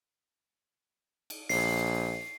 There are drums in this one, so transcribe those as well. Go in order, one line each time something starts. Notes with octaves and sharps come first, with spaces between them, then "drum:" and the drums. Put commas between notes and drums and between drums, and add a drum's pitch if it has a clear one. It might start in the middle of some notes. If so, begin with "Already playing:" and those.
drum: cymbal
A#1 C7, drum: open hi-hat